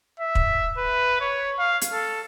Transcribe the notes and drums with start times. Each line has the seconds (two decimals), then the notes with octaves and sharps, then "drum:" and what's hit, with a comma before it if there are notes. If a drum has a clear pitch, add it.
0.20 E5
0.35 drum: kick
0.78 B4
1.21 C#5
1.59 F5
1.81 drum: hi-hat
1.93 A4